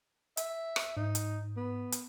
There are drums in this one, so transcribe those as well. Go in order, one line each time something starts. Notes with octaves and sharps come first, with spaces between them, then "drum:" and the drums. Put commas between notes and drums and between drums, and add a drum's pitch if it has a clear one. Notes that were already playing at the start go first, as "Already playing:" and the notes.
E5, drum: hi-hat
drum: rim click
G#2 D#4
drum: hi-hat
B3
drum: hi-hat